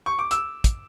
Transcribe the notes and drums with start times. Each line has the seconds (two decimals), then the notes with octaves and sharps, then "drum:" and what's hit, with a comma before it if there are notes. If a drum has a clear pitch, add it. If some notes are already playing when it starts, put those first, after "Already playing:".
0.06 C#6
0.19 D6
0.31 E6, drum: hi-hat
0.64 drum: kick, hi-hat